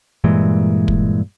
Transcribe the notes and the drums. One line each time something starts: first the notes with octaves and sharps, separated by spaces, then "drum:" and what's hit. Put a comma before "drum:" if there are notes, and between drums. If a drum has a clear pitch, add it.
G2 A#2 E3 G#3
drum: kick